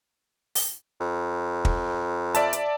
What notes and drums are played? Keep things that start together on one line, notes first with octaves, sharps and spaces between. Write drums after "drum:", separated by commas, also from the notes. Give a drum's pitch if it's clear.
drum: open hi-hat
F2
drum: kick
D5 E5 A5, drum: hi-hat
drum: hi-hat